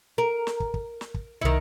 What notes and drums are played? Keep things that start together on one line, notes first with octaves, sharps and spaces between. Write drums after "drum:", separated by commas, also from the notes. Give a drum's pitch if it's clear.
A#4
drum: snare
drum: kick
drum: kick
drum: snare
drum: kick
C2 D#3 E4 C#7